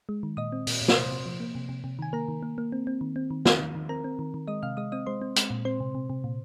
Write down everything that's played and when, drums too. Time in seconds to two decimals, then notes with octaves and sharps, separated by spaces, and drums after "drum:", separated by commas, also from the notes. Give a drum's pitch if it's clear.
0.09 G#3
0.23 D#3
0.37 A#2 D#5 D#6
0.52 C4
0.67 A#2, drum: open hi-hat
0.82 A#2
0.88 D#6, drum: snare
0.96 C3 C5 C6
1.11 C3
1.26 F3
1.40 A#3
1.55 C3
1.69 C3
1.84 C3
1.99 D#3 G#5
2.13 A#3 A#4 A#5
2.28 D#3
2.43 A#3
2.58 A#3
2.72 C4
2.87 C4
3.01 D#3
3.16 C4
3.31 D#3
3.45 D#3, drum: snare
3.60 D#3
3.75 D#3
3.89 C4 A#4 A#5
4.04 C4
4.19 D#3
4.34 D#3
4.48 G#3 D#5 D#6
4.63 C3 F5 F6
4.77 G#3 D#5 D#6
4.92 C4 D#5 D#6
5.06 G#3 C5 C6
5.22 C4
5.36 G#3, drum: hi-hat
5.50 A#2
5.65 C4 C5 C6
5.80 C3
5.95 C3
6.10 C3
6.24 A#2